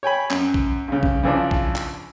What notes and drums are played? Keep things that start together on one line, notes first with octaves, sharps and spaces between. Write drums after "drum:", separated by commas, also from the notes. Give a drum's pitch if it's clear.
C#5 G5 G#5 B5
F#2, drum: clap
drum: kick
G2 C#3
drum: kick
C#3 E3 F3 D4
drum: kick
drum: clap